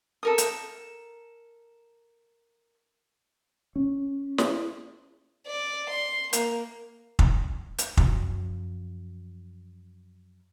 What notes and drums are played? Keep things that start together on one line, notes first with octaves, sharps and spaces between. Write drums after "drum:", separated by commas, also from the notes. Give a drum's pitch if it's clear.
A4 A#4 D#6
drum: hi-hat
C#4
drum: snare
D5
C6
A#3, drum: hi-hat
drum: kick
drum: hi-hat
F#2 F3, drum: kick